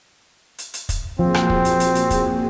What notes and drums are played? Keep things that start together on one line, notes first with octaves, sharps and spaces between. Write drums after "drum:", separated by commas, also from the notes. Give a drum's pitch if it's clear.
drum: hi-hat
drum: hi-hat
drum: kick, hi-hat
A#2 F3 C4 F#4 G#4
drum: rim click
drum: kick
drum: hi-hat
drum: hi-hat
drum: hi-hat
drum: kick, hi-hat